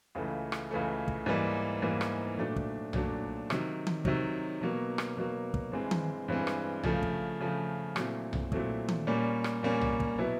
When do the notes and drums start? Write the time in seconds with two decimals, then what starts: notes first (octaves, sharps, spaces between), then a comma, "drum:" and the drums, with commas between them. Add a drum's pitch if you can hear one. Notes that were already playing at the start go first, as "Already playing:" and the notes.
0.15 C#2 C#3 E3 A3
0.52 drum: rim click
0.71 C#2 C#3 E3 A3
1.08 drum: kick
1.26 G#2 E3 G3 A#3
1.82 G#2 E3 G3 A#3
2.01 drum: rim click
2.38 A#2 F#3 A3 D4
2.57 drum: kick
2.93 A#2 F#3 A3 D4, drum: tom B1
3.50 C3 D#3 F#3, drum: rim click
3.87 drum: tom D#3
4.05 C3 D#3 F#3, drum: kick
4.61 B2 F#3 A#3
4.98 drum: rim click
5.17 B2 F#3 A#3
5.54 drum: kick
5.72 G2 E3 G#3 C4
5.91 drum: tom D#3
6.28 G2 E3 G#3 C4
6.47 drum: rim click
6.83 C#3 F3 A3, drum: tom B1
7.03 drum: kick
7.40 C#3 F3 A3
7.96 A#2 F#3 A3 C4 E4, drum: rim click
8.33 drum: tom B1
8.52 A#2 F#3 A3 C4 E4, drum: kick
8.89 drum: tom D#3
9.07 A#2 G3 A#3 C#4
9.44 drum: rim click
9.63 A#2 G3 A#3 C#4
9.81 drum: tom B1
10.00 drum: kick
10.18 B2 F#3 B3 E4